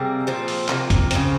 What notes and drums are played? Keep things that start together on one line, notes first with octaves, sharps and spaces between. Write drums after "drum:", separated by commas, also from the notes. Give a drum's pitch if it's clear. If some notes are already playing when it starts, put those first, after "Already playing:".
Already playing: C3 G3 A#3 G#4
A#2 F3 C4
drum: open hi-hat
C3 F3 A#3 A#4, drum: clap
drum: kick, hi-hat
C#3 F3 C4, drum: hi-hat